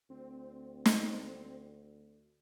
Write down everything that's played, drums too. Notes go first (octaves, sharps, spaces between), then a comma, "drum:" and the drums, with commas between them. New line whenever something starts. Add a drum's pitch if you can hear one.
D2 C4
drum: snare